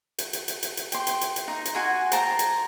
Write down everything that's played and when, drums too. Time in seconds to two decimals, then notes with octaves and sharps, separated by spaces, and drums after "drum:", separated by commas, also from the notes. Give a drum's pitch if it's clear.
0.18 drum: hi-hat
0.33 drum: hi-hat
0.48 drum: hi-hat
0.63 drum: hi-hat
0.77 drum: hi-hat
0.92 G5 C6, drum: hi-hat
1.07 drum: hi-hat
1.21 drum: hi-hat
1.36 drum: hi-hat
1.48 D#4
1.65 drum: hi-hat
1.75 F#4 G#5 C6
2.12 C5 G5 A5 A#5, drum: hi-hat
2.39 drum: hi-hat